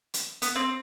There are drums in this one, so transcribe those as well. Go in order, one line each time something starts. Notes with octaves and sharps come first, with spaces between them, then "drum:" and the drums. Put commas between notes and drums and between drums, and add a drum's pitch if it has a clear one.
drum: hi-hat
B3, drum: hi-hat
C4